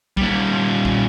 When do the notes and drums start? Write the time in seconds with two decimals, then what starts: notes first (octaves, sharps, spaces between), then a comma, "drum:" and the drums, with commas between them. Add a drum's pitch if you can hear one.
0.17 A#2 G3, drum: kick
0.85 drum: kick